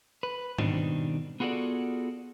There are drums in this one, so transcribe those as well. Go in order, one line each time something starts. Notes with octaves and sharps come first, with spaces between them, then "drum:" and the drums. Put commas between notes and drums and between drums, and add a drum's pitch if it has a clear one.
B4
B2 D#3 G3 C4 D4 D#4, drum: tom G#2
B3 F4 F#4 G#4 A4 D5